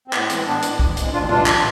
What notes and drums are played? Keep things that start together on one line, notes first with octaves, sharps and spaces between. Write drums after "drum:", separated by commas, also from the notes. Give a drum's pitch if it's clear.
C4
A2 B3, drum: clap
E3 G#3 C4, drum: hi-hat
A2 B3 D4
E3 G#3, drum: hi-hat
D2, drum: kick
C3 E3 G#3, drum: hi-hat
D2 D4 F4
C3 E3 G#3 D4 F4, drum: tom A#2
drum: clap